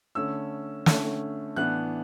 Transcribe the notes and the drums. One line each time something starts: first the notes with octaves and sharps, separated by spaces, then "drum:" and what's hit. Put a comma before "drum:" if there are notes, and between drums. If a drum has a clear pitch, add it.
D3 A3 C#4 E6
D3 A3 C#4, drum: snare
A2 E3 B3 D4 F#6